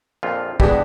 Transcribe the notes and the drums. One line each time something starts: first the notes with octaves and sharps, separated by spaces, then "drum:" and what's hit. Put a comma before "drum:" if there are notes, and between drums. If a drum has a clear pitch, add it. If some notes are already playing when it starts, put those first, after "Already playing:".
A#1 F2 F4
E2 E3 G#3 B3 D4 G4, drum: kick